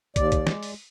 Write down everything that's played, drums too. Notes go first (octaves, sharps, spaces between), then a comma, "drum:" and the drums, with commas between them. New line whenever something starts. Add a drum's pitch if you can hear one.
D#2 D5, drum: kick, hi-hat
drum: kick, hi-hat
G#3, drum: snare
drum: open hi-hat